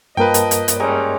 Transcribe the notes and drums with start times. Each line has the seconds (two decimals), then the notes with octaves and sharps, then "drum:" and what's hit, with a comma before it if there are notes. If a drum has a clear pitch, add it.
0.17 G2 F3 A#3 A#4 B4 D#5 G5
0.34 drum: hi-hat
0.51 drum: hi-hat
0.68 drum: hi-hat
0.80 G3 G#3 C#4 A#5